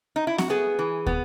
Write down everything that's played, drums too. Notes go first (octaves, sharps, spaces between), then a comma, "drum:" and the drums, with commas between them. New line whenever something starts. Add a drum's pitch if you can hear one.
D#4
E4
F#4, drum: snare
B3 G#4
E3
B3, drum: kick